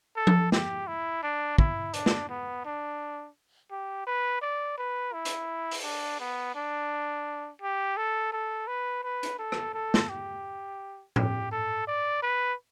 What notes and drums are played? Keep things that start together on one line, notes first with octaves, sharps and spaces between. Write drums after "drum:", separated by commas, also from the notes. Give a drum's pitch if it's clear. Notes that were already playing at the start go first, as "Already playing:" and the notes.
A4
drum: tom F3
G4, drum: snare
E4
D4
E4, drum: kick
D4, drum: hi-hat
drum: snare
B3
D4
G4
B4
D5
B4
E4
drum: hi-hat
drum: open hi-hat
D4
B3
D4
G4
A4
A4
B4
B4
drum: hi-hat
A4
drum: rim click
A4
drum: snare
G4
G4, drum: tom A2
A4
D5
B4